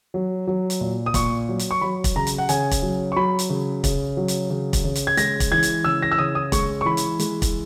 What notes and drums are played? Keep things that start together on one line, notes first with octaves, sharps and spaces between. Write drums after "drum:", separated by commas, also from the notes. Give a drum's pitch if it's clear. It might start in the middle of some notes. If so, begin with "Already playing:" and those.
F#3
F#3
drum: hi-hat
A#2
D#6
A#2 C#6, drum: kick, hi-hat
F#3
drum: hi-hat
C#6
F#3 B5
drum: kick, hi-hat
C#3 A#5
drum: hi-hat
F#5
C#3 G#5, drum: hi-hat
drum: kick, hi-hat
F#3
C#6
F#3 B5
drum: hi-hat
C#3
C#3, drum: kick, hi-hat
F#3
drum: hi-hat
C#3
drum: kick, hi-hat
C#3
drum: hi-hat
G#6
G#3 A#6, drum: hi-hat
drum: kick, hi-hat
E3 G#6
drum: hi-hat
C#3 E6
A#6
E6
C#3 D#6
D#6
G#3 C#6, drum: kick, hi-hat
C#6
E3 B5
drum: hi-hat
G#3, drum: hi-hat
drum: kick, hi-hat